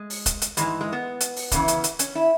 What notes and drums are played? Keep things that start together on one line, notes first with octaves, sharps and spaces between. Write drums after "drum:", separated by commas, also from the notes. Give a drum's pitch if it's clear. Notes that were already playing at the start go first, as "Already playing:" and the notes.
Already playing: G#3
drum: open hi-hat
drum: kick D1, hi-hat
drum: hi-hat
G#2 E3 G#3, drum: hi-hat
G#3
B3
drum: hi-hat
drum: open hi-hat
E2 C#3 E3, drum: kick D1, hi-hat
drum: hi-hat
drum: hi-hat
C#4, drum: hi-hat
E4